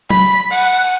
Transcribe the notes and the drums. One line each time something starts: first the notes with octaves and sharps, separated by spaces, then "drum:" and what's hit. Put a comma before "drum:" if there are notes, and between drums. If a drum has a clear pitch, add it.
B5, drum: tom F#3
F#5, drum: cymbal